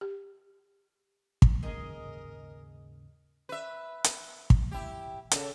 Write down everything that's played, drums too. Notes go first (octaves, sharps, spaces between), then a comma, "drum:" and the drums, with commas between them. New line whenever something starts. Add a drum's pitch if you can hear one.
G4
drum: kick
D#2 G#2 C#3 G#4 A#4 D#5
B4 E5
drum: hi-hat
drum: kick
E4 G4
C#3 A4, drum: hi-hat